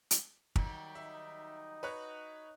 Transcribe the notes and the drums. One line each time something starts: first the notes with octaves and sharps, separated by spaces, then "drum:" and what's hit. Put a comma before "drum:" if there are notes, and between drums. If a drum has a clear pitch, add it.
drum: hi-hat
D#3 F#3 G3, drum: kick
D#4 E5
F#4 B4 C#5 F#6